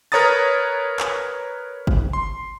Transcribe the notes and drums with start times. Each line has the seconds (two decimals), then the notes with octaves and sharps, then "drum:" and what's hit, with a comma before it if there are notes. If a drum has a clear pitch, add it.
0.12 A#4 B4 C#5 A#5 D#6 A6
1.00 drum: clap
1.87 drum: kick
2.13 C6